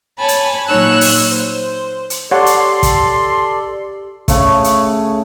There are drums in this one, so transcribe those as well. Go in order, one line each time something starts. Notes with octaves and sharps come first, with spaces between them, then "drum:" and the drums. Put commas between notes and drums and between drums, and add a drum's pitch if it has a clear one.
C#5 G#5 A5 B5
drum: hi-hat
A#2 F#3 D#4 C#5 E6 F#6
drum: open hi-hat
C5
drum: hi-hat
G4 A4 C#5 D5 F#5 C6
drum: hi-hat
drum: kick, hi-hat
C#3 A3, drum: kick, hi-hat
drum: hi-hat